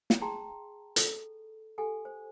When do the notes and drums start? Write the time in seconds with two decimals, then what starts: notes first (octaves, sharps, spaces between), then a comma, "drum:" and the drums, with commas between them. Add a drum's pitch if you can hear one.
0.10 drum: snare
0.21 G#4 G5 A5 A#5 C6
0.96 A4, drum: hi-hat
1.78 G4 A4 F#5 G#5
2.05 C5